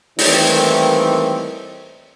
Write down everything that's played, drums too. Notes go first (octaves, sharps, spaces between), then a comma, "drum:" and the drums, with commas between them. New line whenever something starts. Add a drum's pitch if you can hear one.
D#3 E3 G3 A3 A#3 C4, drum: open hi-hat